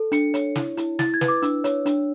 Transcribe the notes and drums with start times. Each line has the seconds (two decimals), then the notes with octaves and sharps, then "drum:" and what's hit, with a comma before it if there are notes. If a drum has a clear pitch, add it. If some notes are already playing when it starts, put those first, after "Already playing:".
Already playing: A4
0.12 D4 C#7, drum: hi-hat
0.34 C#5, drum: hi-hat
0.55 E4, drum: snare
0.77 E4, drum: hi-hat
0.99 E4 A6, drum: snare
1.14 G#6
1.21 B4, drum: snare
1.28 D6
1.42 D4 E6, drum: hi-hat
1.64 C#5, drum: hi-hat
1.86 D4, drum: hi-hat